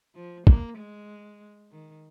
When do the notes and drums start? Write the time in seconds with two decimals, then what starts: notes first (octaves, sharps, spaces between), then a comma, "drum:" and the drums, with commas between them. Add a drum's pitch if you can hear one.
0.15 F3
0.47 A#3, drum: kick
0.78 G#3
1.71 D#3